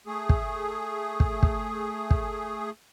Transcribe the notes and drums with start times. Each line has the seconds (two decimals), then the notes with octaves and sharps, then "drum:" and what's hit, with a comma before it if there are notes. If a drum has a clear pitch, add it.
0.07 A3 G#4
0.29 drum: kick
1.20 drum: kick
1.43 drum: kick
2.11 drum: kick